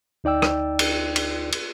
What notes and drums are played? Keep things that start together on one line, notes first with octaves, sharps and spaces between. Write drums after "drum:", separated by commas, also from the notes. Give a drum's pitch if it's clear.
D2 D#4 D5 G5 E6
drum: rim click
drum: cymbal
drum: cymbal
drum: cymbal